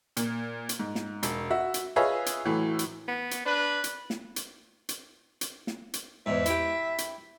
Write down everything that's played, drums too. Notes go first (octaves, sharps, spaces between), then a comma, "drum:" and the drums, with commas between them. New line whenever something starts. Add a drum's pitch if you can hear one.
A#2, drum: hi-hat
drum: hi-hat
G#2
drum: snare
E1, drum: hi-hat
F#4 E5
drum: hi-hat
F4 G#4 B4 C#5 D#5 E5
drum: hi-hat
A2 E3 F#3
drum: hi-hat
B3
drum: hi-hat
D4 B4
drum: hi-hat
drum: snare
drum: hi-hat
drum: hi-hat
drum: hi-hat
drum: snare
drum: hi-hat
E2 G#2 E5
E4 G4, drum: hi-hat
drum: hi-hat